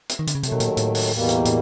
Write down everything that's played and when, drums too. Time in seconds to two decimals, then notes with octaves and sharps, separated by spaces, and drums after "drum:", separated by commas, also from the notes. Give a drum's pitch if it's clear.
0.09 drum: hi-hat
0.19 D#3
0.27 D3, drum: hi-hat
0.35 C#3
0.43 D#2 C3 D#3 F#3 A3, drum: hi-hat
0.52 B2
0.60 A#2, drum: hi-hat
0.77 A2, drum: hi-hat
0.95 drum: open hi-hat
1.11 E2 B2 G3 A#3
1.29 drum: hi-hat
1.45 A2, drum: hi-hat